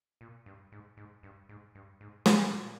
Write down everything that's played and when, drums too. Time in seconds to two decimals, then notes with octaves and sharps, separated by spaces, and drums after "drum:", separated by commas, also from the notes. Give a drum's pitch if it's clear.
0.21 A#2
0.46 G2
0.72 G#2
0.97 G#2
1.23 G2
1.49 G#2
1.75 G2
2.01 G#2
2.26 A2, drum: snare
2.52 A#2